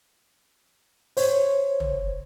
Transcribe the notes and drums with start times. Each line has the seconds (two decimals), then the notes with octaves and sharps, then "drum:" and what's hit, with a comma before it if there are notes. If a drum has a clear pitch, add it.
1.17 C5 C#5, drum: open hi-hat
1.80 drum: tom